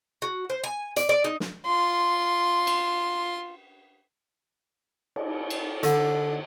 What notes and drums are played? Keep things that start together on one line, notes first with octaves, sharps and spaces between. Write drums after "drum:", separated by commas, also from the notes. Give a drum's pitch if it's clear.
F#4
C5
G#5
D5, drum: hi-hat
D5
D#4
drum: snare
F4 C6
drum: cymbal
drum: cymbal
drum: cymbal
D3, drum: hi-hat